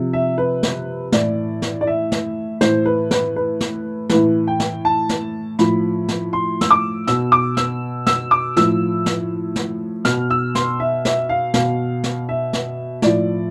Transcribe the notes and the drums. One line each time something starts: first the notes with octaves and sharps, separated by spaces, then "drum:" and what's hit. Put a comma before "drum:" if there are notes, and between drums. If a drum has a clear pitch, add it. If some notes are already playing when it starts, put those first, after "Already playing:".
Already playing: C3 F3
E5
B4
drum: snare
A2 E3 D5, drum: snare
drum: snare
D5
E5
drum: snare
A2 E3 C5, drum: snare
B4
B4, drum: snare
B4
drum: snare
A2 E3 B4, drum: snare
G5
drum: snare
A5
drum: snare
A2 F3 B5, drum: snare
drum: snare
C6
E6, drum: snare
D6
B2 E6, drum: snare
D6
E6, drum: snare
E6, drum: snare
D6
A2 F3 E6, drum: snare
drum: snare
drum: snare
B2 F6, drum: snare
E6
C6, drum: snare
E5
E5, drum: snare
F5
B2 F5, drum: snare
drum: snare
E5
drum: snare
A2 F3 D5, drum: snare